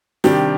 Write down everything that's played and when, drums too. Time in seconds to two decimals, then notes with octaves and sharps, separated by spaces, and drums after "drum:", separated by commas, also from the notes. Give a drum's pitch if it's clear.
0.24 C3 D#3 G3 D4 G4, drum: snare